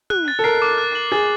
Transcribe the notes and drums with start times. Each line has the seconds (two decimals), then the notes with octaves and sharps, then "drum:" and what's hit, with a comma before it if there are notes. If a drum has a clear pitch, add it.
0.10 F#6, drum: tom
0.28 A6
0.39 A4
0.44 A#4 C7
0.62 D6
0.78 F#6
0.95 F#7
1.12 G#4 A6